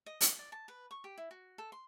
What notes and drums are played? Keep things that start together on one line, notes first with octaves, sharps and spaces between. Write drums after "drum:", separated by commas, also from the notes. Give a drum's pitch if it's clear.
D#5
D#5, drum: hi-hat
D5
A5
B4
C#6
G4
E4
F#4
A4
C6